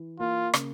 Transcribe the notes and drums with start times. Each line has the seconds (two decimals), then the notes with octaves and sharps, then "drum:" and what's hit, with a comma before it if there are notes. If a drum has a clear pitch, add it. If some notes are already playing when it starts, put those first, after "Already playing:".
Already playing: E3
0.20 A#3 F4
0.54 C#3, drum: rim click